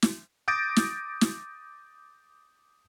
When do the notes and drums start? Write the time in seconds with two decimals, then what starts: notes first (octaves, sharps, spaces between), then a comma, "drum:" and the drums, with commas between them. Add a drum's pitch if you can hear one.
0.02 drum: snare
0.48 D6 D#6 G6 A6 A#6 D7
0.76 drum: snare
1.21 drum: snare